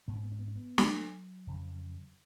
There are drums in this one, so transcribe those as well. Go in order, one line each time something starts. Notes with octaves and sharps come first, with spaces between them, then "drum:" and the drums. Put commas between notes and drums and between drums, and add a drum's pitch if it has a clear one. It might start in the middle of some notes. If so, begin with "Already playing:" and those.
G#2 B3
C#4
B3
C#4
B3
C#4
B3
F#3, drum: snare
F2 C#3